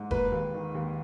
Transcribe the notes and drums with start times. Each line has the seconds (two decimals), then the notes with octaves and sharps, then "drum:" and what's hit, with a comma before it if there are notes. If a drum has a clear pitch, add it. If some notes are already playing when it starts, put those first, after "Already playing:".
Already playing: G#2
0.11 A#3 B4, drum: kick E1
0.32 D#2
0.54 D#3
0.75 D#2